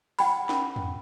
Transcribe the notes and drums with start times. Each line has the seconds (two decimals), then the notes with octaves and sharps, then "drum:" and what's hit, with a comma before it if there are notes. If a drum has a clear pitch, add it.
0.19 F#5 G5 B5, drum: open hi-hat
0.49 drum: snare
0.76 drum: tom E2